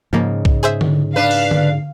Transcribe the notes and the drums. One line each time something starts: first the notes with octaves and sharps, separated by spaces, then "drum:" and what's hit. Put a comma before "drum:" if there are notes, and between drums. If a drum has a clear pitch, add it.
G#2 C#3 F3 A#3
drum: kick B1
G#4 C5 E5
drum: tom D3
D4 B4 F5
drum: open hi-hat
drum: tom D3